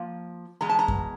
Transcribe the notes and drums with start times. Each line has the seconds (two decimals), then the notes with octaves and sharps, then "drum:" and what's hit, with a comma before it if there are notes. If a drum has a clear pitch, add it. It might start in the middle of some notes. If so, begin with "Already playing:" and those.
Already playing: F3 A#3
0.61 E2 B2 G#3 A#5
0.69 A5
0.79 A#5
0.88 drum: kick F#2